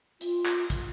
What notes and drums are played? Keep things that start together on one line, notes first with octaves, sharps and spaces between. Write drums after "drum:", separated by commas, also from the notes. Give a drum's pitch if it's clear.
F4, drum: hi-hat
drum: clap
drum: kick, hi-hat